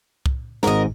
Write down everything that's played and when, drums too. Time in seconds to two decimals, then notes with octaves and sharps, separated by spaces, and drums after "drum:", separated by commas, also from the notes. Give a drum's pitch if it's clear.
0.26 drum: kick C2
0.63 G#1 G#2 A#4 D#5, drum: snare